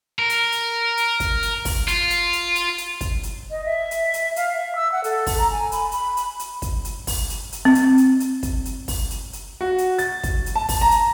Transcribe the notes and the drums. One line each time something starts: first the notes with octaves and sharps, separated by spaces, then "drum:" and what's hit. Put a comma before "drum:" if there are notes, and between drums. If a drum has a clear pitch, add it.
A#4
drum: hi-hat
drum: hi-hat
drum: hi-hat
drum: kick, hi-hat
drum: hi-hat
drum: kick, open hi-hat
F4, drum: hi-hat
drum: hi-hat
drum: hi-hat
drum: hi-hat
drum: hi-hat
drum: kick, hi-hat
drum: hi-hat
D#5
E5
drum: hi-hat
drum: hi-hat
F5, drum: hi-hat
E5
E6
F#5
A4, drum: hi-hat
drum: kick, open hi-hat
A#5
G#5
B5, drum: hi-hat
B5, drum: hi-hat
drum: hi-hat
drum: hi-hat
drum: kick, hi-hat
drum: hi-hat
drum: kick, open hi-hat
drum: hi-hat
drum: hi-hat
C4
drum: hi-hat
drum: hi-hat
drum: hi-hat
drum: kick, hi-hat
drum: hi-hat
drum: kick, open hi-hat
drum: hi-hat
drum: hi-hat
F#4
drum: hi-hat
A6, drum: hi-hat
drum: kick, hi-hat
drum: hi-hat
A5
drum: kick, open hi-hat
A#5
drum: hi-hat